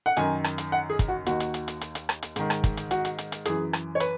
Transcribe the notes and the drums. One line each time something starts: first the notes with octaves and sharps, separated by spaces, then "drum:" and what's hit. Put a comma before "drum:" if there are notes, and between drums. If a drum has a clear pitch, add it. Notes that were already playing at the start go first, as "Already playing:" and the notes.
F#5
F#2 D#3 G#5, drum: hi-hat
drum: rim click
drum: hi-hat
F#5
G#4
drum: kick, hi-hat
F#4
D#2 D#3 F#4, drum: hi-hat
drum: hi-hat
drum: hi-hat
drum: hi-hat
drum: hi-hat
drum: hi-hat
drum: rim click
drum: hi-hat
G#2 D#3, drum: hi-hat
drum: rim click
drum: kick, hi-hat
drum: hi-hat
F#4, drum: hi-hat
drum: hi-hat
drum: hi-hat
drum: hi-hat
F#2 E3 G#4, drum: hi-hat
drum: rim click
C#5
B4, drum: hi-hat